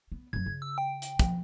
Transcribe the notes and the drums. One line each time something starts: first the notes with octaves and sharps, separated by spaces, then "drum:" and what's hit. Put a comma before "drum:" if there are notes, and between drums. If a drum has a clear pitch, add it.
B3
F#2 F#3 G#6
C#3
E6
G5
drum: hi-hat
F3 F#3, drum: kick, hi-hat